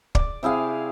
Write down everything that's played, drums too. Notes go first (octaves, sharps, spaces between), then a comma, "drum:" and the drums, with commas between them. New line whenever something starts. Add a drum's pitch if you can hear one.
D5, drum: kick
C3 E4 G#4 F5